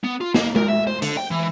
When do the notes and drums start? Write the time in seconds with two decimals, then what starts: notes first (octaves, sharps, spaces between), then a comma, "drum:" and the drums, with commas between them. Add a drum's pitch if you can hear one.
0.04 B3
0.21 F4
0.34 A#3, drum: snare
0.56 A#4, drum: tom G#3
0.68 E5
0.87 C5
1.02 D3, drum: hi-hat
1.17 G5
1.31 E3